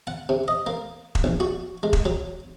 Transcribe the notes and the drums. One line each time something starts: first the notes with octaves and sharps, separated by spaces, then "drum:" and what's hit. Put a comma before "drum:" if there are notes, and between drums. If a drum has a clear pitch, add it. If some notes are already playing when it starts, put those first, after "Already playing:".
F#5
C3
D#5
A#3
drum: kick E1
A#1
F#4
G#3
drum: kick E1
F#3